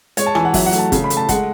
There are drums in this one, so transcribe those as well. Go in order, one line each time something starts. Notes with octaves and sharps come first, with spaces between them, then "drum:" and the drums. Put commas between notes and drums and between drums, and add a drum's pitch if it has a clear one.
G#3 C#5, drum: hi-hat
A5
E3 G#5, drum: rim click
F#5
F#3 E5, drum: kick, open hi-hat
F#5
A3, drum: hi-hat
A5
C#3, drum: kick, hi-hat
B5
A3, drum: hi-hat
A5
G#3 F#5, drum: kick, hi-hat